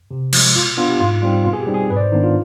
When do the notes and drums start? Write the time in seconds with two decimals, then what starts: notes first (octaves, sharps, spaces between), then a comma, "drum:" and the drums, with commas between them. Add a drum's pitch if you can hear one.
0.11 C3
0.33 F3 G#3, drum: cymbal
0.55 B2 F4
0.77 B3 D4 F4
0.90 G4
1.00 G#2 F4
1.22 G3 C4 D#4 F4
1.44 B2 F4
1.53 G#4
1.60 G4
1.67 G3 C4 D#4
1.74 G#4
1.90 G#2 B4
1.96 D5
2.01 C5
2.12 D#3 B3 D4 D#4
2.23 F4